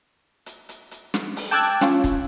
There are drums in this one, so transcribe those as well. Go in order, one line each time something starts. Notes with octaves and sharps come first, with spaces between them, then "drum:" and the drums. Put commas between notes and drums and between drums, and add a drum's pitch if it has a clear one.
drum: hi-hat
drum: hi-hat
drum: hi-hat
drum: snare
drum: open hi-hat
G5 A5 D6 E6 F#6 G#6
C#4 F4, drum: snare
drum: kick, hi-hat